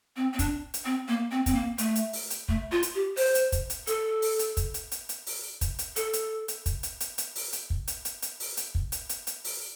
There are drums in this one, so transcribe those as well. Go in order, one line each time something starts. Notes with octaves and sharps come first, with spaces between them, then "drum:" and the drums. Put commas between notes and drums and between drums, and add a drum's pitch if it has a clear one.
C4
C4
D4, drum: kick, hi-hat
drum: hi-hat
C4
A#3
C4
C4, drum: kick, hi-hat
A#3
A3, drum: hi-hat
drum: hi-hat
drum: open hi-hat
drum: hi-hat
A3, drum: kick
F4
drum: hi-hat
G4
C5, drum: open hi-hat
drum: hi-hat
drum: kick, hi-hat
drum: hi-hat
A4, drum: hi-hat
drum: open hi-hat
drum: hi-hat
drum: kick, hi-hat
drum: hi-hat
drum: hi-hat
drum: hi-hat
drum: open hi-hat
drum: kick, hi-hat
drum: hi-hat
A4, drum: hi-hat
drum: hi-hat
drum: hi-hat
drum: kick, hi-hat
drum: hi-hat
drum: hi-hat
drum: hi-hat
drum: open hi-hat
drum: hi-hat
drum: kick
drum: hi-hat
drum: hi-hat
drum: hi-hat
drum: open hi-hat
drum: hi-hat
drum: kick
drum: hi-hat
drum: hi-hat
drum: hi-hat
drum: open hi-hat